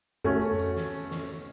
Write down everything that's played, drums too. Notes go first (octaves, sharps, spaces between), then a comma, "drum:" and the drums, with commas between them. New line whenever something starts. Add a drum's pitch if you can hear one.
A3 C#4 F#4, drum: tom F2
drum: tambourine
drum: tambourine
drum: snare
drum: tambourine
drum: snare
drum: tambourine